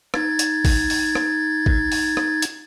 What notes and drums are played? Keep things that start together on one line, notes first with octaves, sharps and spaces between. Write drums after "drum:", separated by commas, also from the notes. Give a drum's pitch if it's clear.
D#4 G#6 A6, drum: rim click
drum: hi-hat
drum: kick G#1, open hi-hat
drum: open hi-hat
drum: rim click
drum: kick G#1
drum: open hi-hat
drum: rim click
drum: hi-hat